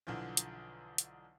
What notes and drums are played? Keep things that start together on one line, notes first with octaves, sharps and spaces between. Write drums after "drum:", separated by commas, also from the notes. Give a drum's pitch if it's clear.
B1 D3 E3 F3
drum: hi-hat
drum: hi-hat